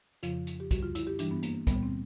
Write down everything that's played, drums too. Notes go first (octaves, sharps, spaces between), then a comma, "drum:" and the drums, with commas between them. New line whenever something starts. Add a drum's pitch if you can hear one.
F2 C#3 F3 F4, drum: hi-hat
drum: hi-hat
G4
F#2 D3 G3 F#4, drum: kick, hi-hat
F4
E4, drum: hi-hat
G4
G2 E3 G3 D4, drum: hi-hat
B3
A#3, drum: hi-hat
A#2 G3 B3, drum: kick, hi-hat
C4